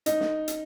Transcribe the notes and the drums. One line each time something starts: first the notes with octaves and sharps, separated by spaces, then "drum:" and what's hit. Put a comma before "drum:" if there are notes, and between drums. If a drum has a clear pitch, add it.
D#4, drum: hi-hat
drum: snare
drum: hi-hat